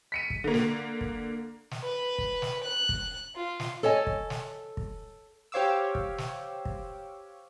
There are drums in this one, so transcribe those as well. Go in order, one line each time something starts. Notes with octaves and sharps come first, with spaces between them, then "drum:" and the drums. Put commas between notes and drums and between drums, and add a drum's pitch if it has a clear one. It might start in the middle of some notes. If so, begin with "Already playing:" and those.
B6 C#7 D#7
drum: kick
D3 A#3
drum: snare
drum: kick
drum: snare
B4
drum: kick
drum: snare
F#6
drum: kick
F4
drum: snare
A4 C#5 D#5 G#5
drum: kick
drum: snare
drum: kick
G4 C5 C#5 F5 D6 E6
drum: kick
drum: snare
drum: kick